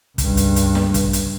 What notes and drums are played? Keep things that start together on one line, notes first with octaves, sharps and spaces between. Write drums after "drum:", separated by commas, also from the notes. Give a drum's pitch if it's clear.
C#2 G2, drum: kick, hi-hat
drum: hi-hat
drum: hi-hat
drum: snare
drum: kick, hi-hat
drum: hi-hat